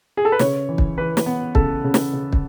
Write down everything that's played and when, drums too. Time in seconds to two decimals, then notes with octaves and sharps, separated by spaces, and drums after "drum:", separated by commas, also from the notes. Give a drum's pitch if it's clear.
0.17 G#4
0.25 A4
0.32 B4
0.39 C#3 C#5, drum: snare
0.69 E3
0.78 drum: kick
0.98 E3 B4
1.17 drum: snare
1.26 B3
1.55 C#3 A4, drum: kick
1.84 C#3
1.94 drum: snare
2.13 C#3
2.33 drum: kick